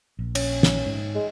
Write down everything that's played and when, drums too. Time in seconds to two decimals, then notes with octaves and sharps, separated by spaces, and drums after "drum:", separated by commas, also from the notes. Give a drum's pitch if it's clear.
0.19 A#1
0.35 C#4, drum: cymbal
0.63 drum: snare
0.86 G#2
1.15 G#3